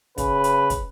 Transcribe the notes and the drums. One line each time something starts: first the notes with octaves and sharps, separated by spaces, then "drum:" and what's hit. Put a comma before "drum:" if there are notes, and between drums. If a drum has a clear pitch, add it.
C#3 B4, drum: kick, hi-hat
drum: hi-hat
drum: kick, hi-hat